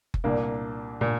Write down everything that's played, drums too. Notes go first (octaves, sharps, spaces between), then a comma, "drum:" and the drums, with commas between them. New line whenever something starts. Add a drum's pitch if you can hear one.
drum: kick F#1
C2 A#2 A#3 D4
A#2